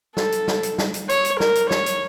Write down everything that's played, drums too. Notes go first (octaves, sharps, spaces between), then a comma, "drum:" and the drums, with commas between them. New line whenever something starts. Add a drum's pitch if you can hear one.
A4, drum: snare
drum: hi-hat
drum: snare
drum: hi-hat
drum: snare
drum: hi-hat
C#5, drum: hi-hat
drum: hi-hat
A#4, drum: snare
drum: hi-hat
C#5, drum: snare
drum: hi-hat